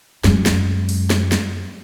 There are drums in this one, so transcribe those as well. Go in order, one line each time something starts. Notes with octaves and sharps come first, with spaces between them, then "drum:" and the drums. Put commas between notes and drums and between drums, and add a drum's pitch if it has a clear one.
F#2 G#3, drum: snare
drum: snare
drum: open hi-hat
drum: snare
drum: snare